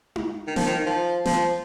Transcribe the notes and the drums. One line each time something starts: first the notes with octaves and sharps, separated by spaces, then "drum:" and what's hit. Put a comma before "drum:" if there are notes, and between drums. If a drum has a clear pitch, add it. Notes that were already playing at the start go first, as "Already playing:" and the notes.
drum: tom D#4
D#3
F3, drum: snare
D#3
D#3
F3
F3, drum: snare